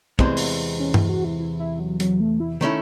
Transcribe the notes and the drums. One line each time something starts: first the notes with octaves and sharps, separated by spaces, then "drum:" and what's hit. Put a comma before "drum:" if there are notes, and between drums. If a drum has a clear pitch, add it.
E2 C3 E3 G#3 A3 C4, drum: kick
drum: open hi-hat
C#4
E4, drum: tom G2
F#4
E4
E4
E4
F#3
F#3, drum: hi-hat
A3
E4
D#3 A3 C#4 D#4 E4